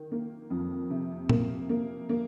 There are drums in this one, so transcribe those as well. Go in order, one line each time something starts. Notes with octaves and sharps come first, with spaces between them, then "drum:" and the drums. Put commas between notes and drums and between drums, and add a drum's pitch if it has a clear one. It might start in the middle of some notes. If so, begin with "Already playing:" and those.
Already playing: D#3
A#3
F2
C3
A#3, drum: tom A#2
A#3
A#3